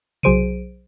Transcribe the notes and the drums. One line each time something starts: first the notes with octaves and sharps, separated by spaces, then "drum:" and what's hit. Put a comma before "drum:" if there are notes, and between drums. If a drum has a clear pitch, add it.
B1 F#3 G#4 C5 D7 D#7, drum: tom C3